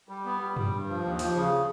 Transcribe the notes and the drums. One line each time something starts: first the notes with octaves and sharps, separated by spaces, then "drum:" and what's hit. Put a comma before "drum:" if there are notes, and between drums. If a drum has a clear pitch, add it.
G3
B3
G3
G3, drum: tom F#2
G2
F3
D#2
F3, drum: open hi-hat
C#3